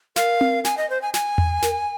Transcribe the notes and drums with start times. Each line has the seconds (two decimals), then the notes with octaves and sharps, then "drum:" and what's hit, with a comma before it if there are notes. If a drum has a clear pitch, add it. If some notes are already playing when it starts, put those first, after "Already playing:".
0.16 A#4 F5, drum: snare
0.41 drum: tom C4
0.65 G#5, drum: snare
0.78 D#5
0.90 C5
1.02 G#5
1.14 G#5, drum: snare
1.38 drum: tom E2
1.62 A#4, drum: snare